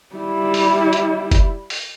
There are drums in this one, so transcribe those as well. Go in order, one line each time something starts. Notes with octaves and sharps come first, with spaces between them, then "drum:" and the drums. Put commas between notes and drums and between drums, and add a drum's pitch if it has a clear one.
G3 E4
drum: open hi-hat
drum: hi-hat
drum: kick, hi-hat
drum: open hi-hat